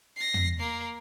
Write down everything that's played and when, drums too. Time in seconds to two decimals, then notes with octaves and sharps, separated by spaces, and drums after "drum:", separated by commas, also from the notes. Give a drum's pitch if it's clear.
0.16 A#6 C7
0.34 drum: tom
0.60 A#3 C7